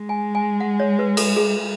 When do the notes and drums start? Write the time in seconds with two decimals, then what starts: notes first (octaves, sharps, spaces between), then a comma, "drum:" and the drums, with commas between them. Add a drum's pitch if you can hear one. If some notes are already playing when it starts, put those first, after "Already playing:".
Already playing: G#3
0.09 G#5
0.35 G#5
0.60 F#5
0.80 C#5
0.99 B4
1.17 A4, drum: cymbal
1.36 G#4